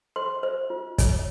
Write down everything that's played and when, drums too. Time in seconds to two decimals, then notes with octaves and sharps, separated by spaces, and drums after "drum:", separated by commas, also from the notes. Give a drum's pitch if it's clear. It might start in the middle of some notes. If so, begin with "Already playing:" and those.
0.16 C5 C6
0.43 C5
0.70 F4
0.98 C#5, drum: kick, hi-hat